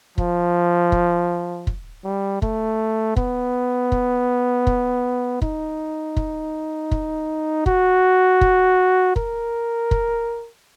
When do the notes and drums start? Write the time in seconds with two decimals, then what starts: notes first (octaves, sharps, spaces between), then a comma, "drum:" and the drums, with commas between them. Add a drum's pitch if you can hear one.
0.18 F3, drum: kick
0.92 drum: kick
1.67 drum: kick
2.04 G3
2.42 A3, drum: kick
3.16 B3, drum: kick
3.92 drum: kick
4.67 drum: kick
5.42 D#4, drum: kick
6.17 drum: kick
6.91 drum: kick
7.66 F#4, drum: kick
8.41 drum: kick
9.16 A#4, drum: kick
9.91 drum: kick